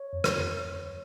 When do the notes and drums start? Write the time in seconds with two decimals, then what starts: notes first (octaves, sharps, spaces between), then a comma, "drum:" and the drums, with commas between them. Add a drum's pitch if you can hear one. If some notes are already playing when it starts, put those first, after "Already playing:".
Already playing: C#5
0.13 F2
0.24 drum: rim click
0.38 F2
0.64 F2